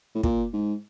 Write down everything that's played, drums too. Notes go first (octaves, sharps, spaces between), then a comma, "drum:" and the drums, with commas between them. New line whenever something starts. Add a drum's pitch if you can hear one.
A2
A#2, drum: kick
G#2